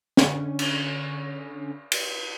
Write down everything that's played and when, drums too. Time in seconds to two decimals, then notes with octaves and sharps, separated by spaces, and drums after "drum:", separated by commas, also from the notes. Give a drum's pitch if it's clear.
0.17 D3 C#4, drum: snare
0.59 drum: cymbal
1.92 drum: cymbal